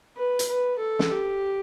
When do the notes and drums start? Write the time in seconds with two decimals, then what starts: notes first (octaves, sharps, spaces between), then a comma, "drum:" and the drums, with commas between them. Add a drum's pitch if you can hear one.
0.17 B4
0.39 drum: hi-hat
0.49 B4
0.78 A4
0.99 drum: snare
1.10 G4